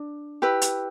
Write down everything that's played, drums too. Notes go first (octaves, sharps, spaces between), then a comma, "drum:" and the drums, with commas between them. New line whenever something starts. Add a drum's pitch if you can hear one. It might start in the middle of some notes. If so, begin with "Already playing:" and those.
Already playing: D4
E4 G4 B4
drum: hi-hat